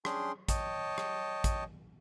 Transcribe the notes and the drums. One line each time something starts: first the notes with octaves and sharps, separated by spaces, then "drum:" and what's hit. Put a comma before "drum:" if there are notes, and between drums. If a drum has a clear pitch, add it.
C#4 D4 G#4 G5 C6, drum: rim click
C#5 D#5 G5 A5, drum: kick, hi-hat
drum: rim click
drum: kick, hi-hat